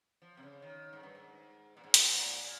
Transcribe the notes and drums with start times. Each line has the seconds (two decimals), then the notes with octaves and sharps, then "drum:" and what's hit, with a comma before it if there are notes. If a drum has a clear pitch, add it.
0.22 F3
0.37 C3
0.43 C#3
0.62 D#3
0.93 G#2
1.03 G2
1.15 G#2
1.77 A#2
1.84 G#2
1.94 drum: hi-hat
2.13 A#2
2.44 A#2